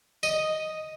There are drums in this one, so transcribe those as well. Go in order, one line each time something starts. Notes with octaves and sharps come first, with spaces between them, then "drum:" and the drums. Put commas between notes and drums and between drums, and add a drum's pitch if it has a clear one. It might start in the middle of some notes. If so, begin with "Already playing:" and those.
D#5, drum: tambourine